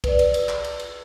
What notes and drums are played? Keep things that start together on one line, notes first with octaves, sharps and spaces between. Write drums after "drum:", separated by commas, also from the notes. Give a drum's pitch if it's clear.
B4 D5, drum: kick, cymbal
drum: cymbal
drum: cymbal
drum: clap
drum: cymbal
drum: cymbal